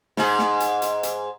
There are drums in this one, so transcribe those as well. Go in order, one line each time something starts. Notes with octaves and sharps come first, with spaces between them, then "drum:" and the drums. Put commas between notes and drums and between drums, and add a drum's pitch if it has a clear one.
G#2 G#4, drum: snare
drum: snare
drum: hi-hat
drum: hi-hat
drum: hi-hat